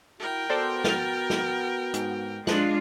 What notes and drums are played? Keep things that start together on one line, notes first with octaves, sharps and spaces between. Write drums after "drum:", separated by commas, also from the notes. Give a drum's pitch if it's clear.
E4 F#4 A#4 G5
B3 F#4 A4 C5 D5
F6 A6, drum: snare
drum: snare
G#2, drum: hi-hat
G#3 D4 F4 F#6, drum: snare